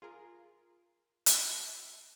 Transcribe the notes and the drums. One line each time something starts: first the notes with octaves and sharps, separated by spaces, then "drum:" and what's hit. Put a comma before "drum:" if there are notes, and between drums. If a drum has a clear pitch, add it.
F4 G#4 A#4
drum: hi-hat